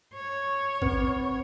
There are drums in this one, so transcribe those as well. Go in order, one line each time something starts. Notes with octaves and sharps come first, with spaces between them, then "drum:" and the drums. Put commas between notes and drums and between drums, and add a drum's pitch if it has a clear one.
C#5
C4 B4, drum: kick G#1